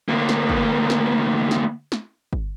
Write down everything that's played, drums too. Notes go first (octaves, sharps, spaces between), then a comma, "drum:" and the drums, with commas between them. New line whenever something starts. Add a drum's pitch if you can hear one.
D2 A#3
drum: snare
drum: kick G1
drum: snare
drum: snare
drum: snare
drum: kick G1